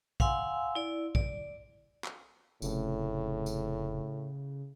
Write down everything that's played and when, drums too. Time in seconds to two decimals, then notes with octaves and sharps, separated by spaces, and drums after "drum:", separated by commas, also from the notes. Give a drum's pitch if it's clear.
0.20 F5 F#5 G#5 C6 E6, drum: kick A#1
0.75 E4 D5
1.15 D5, drum: kick A#1
2.04 drum: clap
2.62 F1 A2 C#3, drum: tambourine
3.46 drum: tambourine